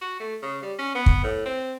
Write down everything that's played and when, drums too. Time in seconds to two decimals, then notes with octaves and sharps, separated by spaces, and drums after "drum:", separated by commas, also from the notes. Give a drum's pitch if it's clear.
0.01 F#4
0.20 A3
0.42 C#3
0.62 G3
0.79 C#4
0.95 B3
1.06 drum: kick
1.24 A2
1.46 C4